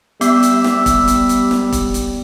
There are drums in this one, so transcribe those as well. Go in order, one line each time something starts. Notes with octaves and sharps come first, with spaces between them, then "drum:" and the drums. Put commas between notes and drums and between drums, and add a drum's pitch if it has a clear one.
G3 B3 E5 D6, drum: hi-hat
drum: hi-hat
drum: snare
drum: kick E1, hi-hat
drum: hi-hat
drum: hi-hat
drum: snare
drum: kick E1, hi-hat
drum: hi-hat